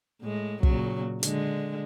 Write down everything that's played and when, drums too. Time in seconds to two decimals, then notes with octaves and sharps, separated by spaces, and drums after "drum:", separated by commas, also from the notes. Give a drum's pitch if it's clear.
0.22 A2 G#3
0.63 A#2 C#3 F#3, drum: kick
1.23 D3 G#3, drum: hi-hat